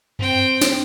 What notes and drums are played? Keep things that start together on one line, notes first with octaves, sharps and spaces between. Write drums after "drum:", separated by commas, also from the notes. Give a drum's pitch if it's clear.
C4 G5, drum: tom F#2
drum: snare